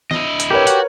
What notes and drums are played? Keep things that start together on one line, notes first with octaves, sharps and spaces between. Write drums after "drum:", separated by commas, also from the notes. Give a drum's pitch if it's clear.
E4 D#5, drum: snare
drum: hi-hat
G4 A#4 B4 C#5
F#4 F#5, drum: hi-hat